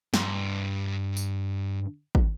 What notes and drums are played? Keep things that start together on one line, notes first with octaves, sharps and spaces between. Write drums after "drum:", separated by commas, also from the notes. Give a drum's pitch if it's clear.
G2 C6, drum: snare
drum: tambourine
drum: kick